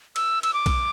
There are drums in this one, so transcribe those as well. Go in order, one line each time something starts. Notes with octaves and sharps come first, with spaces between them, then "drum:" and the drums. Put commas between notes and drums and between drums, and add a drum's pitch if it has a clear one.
E6, drum: cymbal
E6, drum: cymbal
D6
drum: kick B1, cymbal